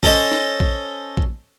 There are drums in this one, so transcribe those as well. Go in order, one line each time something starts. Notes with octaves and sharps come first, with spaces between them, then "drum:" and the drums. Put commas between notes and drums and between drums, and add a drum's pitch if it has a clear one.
C#4 A4 C5 D#5, drum: kick A#1
drum: snare
drum: kick A#1
drum: kick A#1